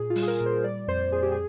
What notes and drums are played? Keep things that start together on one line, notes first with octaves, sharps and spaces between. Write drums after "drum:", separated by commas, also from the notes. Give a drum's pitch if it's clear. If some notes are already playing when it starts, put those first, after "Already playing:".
Already playing: A#2 G#4
F4
G3, drum: open hi-hat
G#4
A#4
A#2
C5
G3 D5
F2 C5
F2 G#4
G4
G#4